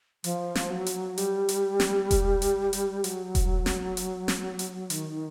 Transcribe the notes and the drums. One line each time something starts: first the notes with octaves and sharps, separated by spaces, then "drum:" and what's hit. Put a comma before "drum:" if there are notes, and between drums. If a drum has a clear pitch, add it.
F3, drum: hi-hat
drum: snare
F#3
drum: hi-hat
G3, drum: hi-hat
drum: hi-hat
drum: snare
drum: kick E1, hi-hat
drum: hi-hat
drum: hi-hat
F#3, drum: hi-hat
drum: kick E1, hi-hat
drum: snare
drum: hi-hat
drum: snare
drum: hi-hat
D#3, drum: hi-hat